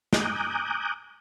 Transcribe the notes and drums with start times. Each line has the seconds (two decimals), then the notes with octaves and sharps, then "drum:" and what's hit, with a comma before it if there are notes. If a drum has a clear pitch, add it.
0.13 G#5 A#5 D6 D#6 F#6 G6, drum: snare